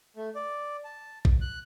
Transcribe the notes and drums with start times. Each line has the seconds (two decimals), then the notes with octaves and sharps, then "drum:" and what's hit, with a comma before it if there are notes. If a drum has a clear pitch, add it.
0.16 A3
0.35 D5
0.84 A5
1.25 drum: kick
1.41 F#6